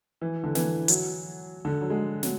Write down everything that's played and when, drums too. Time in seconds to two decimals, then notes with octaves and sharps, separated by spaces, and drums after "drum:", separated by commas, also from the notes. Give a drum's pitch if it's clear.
0.22 E3
0.44 D3
0.55 E3, drum: snare
0.88 F#3, drum: hi-hat
1.65 D3
1.81 F#3
1.90 G#3
2.23 F#3, drum: snare